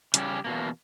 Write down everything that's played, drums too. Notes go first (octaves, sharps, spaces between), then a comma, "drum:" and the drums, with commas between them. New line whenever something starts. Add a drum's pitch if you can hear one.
C#3 G3 C#4 G4, drum: hi-hat
E2 B2 A#3